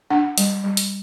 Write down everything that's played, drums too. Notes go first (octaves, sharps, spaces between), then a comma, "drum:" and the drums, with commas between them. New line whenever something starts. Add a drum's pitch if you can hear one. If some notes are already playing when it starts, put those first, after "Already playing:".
D4 F#5
G3, drum: hi-hat
G3
drum: hi-hat